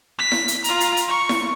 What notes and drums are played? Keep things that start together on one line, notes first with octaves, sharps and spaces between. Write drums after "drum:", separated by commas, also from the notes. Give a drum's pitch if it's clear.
B6
drum: snare E4
drum: hi-hat
F4 A#5, drum: hi-hat
drum: hi-hat
drum: hi-hat
C#6
drum: snare E4